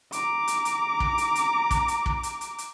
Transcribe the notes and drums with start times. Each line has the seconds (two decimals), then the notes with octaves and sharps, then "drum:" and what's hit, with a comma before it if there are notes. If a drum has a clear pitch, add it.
0.12 A#5 D6, drum: hi-hat
0.48 drum: hi-hat
0.65 drum: hi-hat
1.00 drum: kick
1.18 drum: hi-hat
1.35 drum: hi-hat
1.71 drum: kick, hi-hat
1.88 drum: hi-hat
2.06 drum: kick
2.23 drum: hi-hat
2.41 drum: hi-hat
2.58 drum: hi-hat